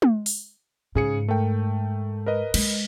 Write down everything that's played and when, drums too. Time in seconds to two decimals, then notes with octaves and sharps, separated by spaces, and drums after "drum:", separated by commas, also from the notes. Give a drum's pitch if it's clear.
0.02 drum: tom
0.26 drum: open hi-hat
0.95 G#2 C#3 G#4 C#7
1.28 A3 A#4 G5
2.26 A#4 B4 D#5
2.54 G#3, drum: cymbal